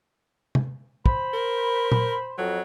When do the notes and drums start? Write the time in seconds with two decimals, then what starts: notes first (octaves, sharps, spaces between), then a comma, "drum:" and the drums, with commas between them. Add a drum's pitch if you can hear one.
0.55 drum: tom
1.06 C5 B5, drum: kick
1.33 A#4
1.92 drum: tom A#2
2.38 F2 F#3